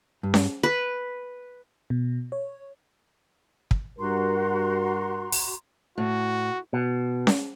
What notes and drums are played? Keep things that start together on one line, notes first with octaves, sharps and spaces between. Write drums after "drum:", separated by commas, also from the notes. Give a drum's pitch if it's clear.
G2
drum: snare C#4
B4
B2
C#5
drum: kick
G2 F#4 A#4 A#5 C6
drum: open hi-hat
A2 F#4
B2
drum: snare C#4